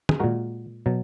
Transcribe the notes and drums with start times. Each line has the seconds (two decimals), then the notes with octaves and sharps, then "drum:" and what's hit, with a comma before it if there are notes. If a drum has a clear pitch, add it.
0.09 G#4, drum: tom
0.20 A#2 G#3 F#4 A#4
0.86 B2 F#3